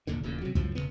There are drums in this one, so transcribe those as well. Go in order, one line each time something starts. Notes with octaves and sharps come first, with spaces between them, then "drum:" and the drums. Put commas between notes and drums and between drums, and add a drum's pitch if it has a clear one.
A#1 D#2 A#2 D3
D#1 A1 A#2 C#3
C3 F#3
C#2 F#2 A2 F3, drum: kick
E1 F2 C#3 B3